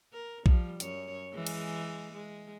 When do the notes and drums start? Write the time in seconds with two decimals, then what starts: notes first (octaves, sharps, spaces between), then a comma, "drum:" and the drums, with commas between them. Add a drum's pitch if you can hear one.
0.13 A#4
0.46 F3 G3, drum: kick A#1
0.80 F#2 C#5, drum: hi-hat
1.34 E3 G#3
1.47 drum: cymbal
2.14 G#3